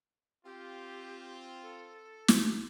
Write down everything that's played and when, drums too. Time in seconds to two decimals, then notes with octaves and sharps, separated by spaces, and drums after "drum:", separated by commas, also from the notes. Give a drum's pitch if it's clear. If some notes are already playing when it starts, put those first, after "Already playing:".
0.45 C4 F4 G4
1.63 A4
2.28 drum: snare